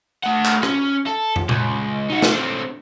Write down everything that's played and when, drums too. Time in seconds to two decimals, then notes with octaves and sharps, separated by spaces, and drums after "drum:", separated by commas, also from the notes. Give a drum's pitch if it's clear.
0.24 A3 F#5
0.45 drum: clap
0.63 C#4, drum: rim click
1.07 A4
1.36 drum: tom
1.49 C#2, drum: tom A#2
2.10 D#4 F#4
2.22 drum: snare
2.32 D3 C4